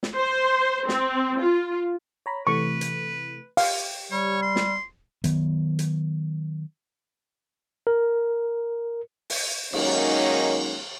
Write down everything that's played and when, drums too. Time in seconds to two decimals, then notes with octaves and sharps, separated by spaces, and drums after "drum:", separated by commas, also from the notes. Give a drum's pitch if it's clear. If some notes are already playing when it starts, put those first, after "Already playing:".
0.03 drum: snare
0.16 C5
0.89 C4, drum: snare
1.41 F4
2.26 C#5 A#5 B5
2.47 C3 E3 A3 B4 C#6
2.81 drum: hi-hat
3.57 G4 F5, drum: open hi-hat
4.11 G3 C#5
4.43 C6
4.56 drum: snare
5.24 D#3 F#3 B3, drum: hi-hat
5.79 drum: hi-hat
7.87 A#4
9.30 drum: open hi-hat
9.73 D#3 F#3 G#3 A#3 C#4 D#4, drum: cymbal